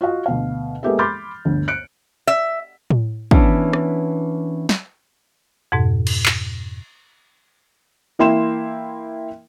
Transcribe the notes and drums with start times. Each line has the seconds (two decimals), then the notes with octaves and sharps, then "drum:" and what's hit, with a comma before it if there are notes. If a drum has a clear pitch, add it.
0.01 F4 F#4 D#5 F5
0.26 D2 B2 F5
0.83 G#3 A#3 B3 G4 A4 E5
0.99 B5 C6 D6 F6 G6 A6
1.45 G1 D2
1.68 F#6 C#7 D7
2.27 E5
2.90 drum: tom A2
3.31 E3 B3 C#4 D4 E4, drum: kick
3.73 drum: rim click
4.69 drum: snare
5.72 F2 G#2 B2
6.07 drum: cymbal
6.26 drum: clap
8.19 E3 A#3 E4 G5 C6 E7